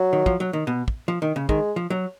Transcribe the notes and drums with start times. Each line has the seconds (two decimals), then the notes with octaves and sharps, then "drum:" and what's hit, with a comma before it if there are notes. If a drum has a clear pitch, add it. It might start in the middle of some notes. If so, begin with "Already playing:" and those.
Already playing: F#3
0.13 D#3
0.26 F3, drum: kick
0.40 F#3
0.53 D#3
0.67 B2
0.88 drum: kick
1.08 F3
1.22 D#3
1.36 C#3
1.49 D#3 G#3, drum: kick
1.76 F3
1.90 F#3